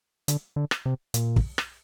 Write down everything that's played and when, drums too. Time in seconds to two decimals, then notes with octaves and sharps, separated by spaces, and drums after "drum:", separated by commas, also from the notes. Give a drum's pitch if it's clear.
0.28 D3, drum: hi-hat
0.56 D3
0.71 drum: rim click
0.86 C3
1.14 A#2, drum: hi-hat
1.36 drum: kick
1.58 drum: rim click